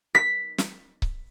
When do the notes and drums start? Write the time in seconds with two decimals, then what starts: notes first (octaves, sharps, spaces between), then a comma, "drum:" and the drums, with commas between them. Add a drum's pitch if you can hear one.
0.15 B6
0.58 drum: snare
1.02 drum: kick C#1